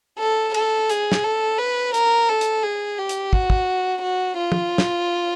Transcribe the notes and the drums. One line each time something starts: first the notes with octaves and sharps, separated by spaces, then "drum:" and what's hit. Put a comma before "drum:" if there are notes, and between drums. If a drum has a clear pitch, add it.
A4
A4, drum: cymbal
G#4, drum: hi-hat
drum: snare
A4
B4
A#4, drum: hi-hat
A4
drum: hi-hat
G#4
G4
drum: hi-hat
F#4, drum: kick
drum: kick
F#4
F4
drum: tom
drum: snare